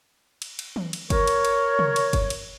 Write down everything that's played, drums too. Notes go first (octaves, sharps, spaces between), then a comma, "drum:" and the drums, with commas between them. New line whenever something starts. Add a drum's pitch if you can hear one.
drum: cymbal
drum: cymbal
drum: tom
drum: cymbal
A#4 C#5, drum: kick F#1, cymbal
drum: cymbal
drum: cymbal
drum: tom
drum: cymbal
drum: kick F#1, cymbal
drum: cymbal